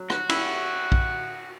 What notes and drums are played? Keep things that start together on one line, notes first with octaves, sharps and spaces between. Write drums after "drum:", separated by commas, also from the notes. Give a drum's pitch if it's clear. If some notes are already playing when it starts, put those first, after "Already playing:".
Already playing: F#3
F#4, drum: rim click
E4, drum: cymbal
drum: kick A#1